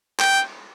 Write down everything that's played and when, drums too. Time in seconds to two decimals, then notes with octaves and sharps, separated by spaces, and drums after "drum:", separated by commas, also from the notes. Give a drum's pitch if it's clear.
0.20 G5, drum: clap